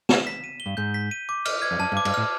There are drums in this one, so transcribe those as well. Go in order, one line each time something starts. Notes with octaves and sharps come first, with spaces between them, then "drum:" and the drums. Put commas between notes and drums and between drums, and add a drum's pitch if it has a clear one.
E7, drum: snare
B6
D#7
G7
G2
G#2 G6
B6
D#7
D6
F6, drum: cymbal
G#6
F2
F#2 A5
G2
D6
G2, drum: cymbal
A2 F6